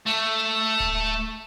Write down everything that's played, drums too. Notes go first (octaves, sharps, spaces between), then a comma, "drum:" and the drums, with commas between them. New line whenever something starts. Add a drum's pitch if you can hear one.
A3
drum: kick D1